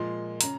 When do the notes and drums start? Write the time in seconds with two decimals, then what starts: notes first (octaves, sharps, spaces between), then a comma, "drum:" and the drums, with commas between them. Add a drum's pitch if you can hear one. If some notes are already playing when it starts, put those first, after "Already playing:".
Already playing: A#2 F3 G#3 C6
0.41 C#3 A#5, drum: hi-hat